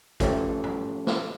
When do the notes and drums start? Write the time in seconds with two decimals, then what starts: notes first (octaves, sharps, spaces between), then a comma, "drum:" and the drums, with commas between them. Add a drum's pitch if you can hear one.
0.20 F3 A3 C#4 G4 A4, drum: kick A1, hi-hat
0.63 drum: tom
1.07 drum: snare